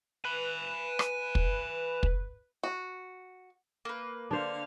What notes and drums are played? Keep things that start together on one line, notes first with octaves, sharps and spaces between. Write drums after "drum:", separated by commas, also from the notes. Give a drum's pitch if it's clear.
B4 G#5 B5
drum: rim click
drum: kick
drum: kick
F#4
A#3 B4
D3 D4 C5 F5